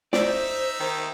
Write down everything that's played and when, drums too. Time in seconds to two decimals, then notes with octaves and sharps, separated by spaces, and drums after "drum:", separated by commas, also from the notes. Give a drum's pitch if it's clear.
0.13 A3 D#4 C5 D5 E5, drum: snare
0.80 D#3